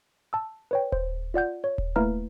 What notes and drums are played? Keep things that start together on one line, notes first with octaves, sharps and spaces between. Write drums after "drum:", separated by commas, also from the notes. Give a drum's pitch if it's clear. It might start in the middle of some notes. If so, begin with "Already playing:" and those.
A5 E6
B4 C#5 G5
C5, drum: kick D#1
F4 D5 F#5 G6
C#5
drum: kick D#1
A3 A#3 E4 B4 A#5 F6